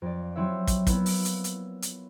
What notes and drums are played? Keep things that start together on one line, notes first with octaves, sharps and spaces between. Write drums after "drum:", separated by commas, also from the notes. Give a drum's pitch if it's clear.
F2 D5
F#3 C4 E4 C#5 E5
drum: kick, hi-hat
A#3 B3 E4, drum: kick, hi-hat
drum: open hi-hat
drum: hi-hat
drum: hi-hat
drum: hi-hat